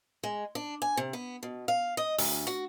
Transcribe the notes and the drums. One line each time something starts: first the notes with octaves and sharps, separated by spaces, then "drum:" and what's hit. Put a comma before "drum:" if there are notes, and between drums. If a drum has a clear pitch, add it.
G#3
D4
G#5
C3
B3
B2
F5
D#5
D2, drum: open hi-hat
F#4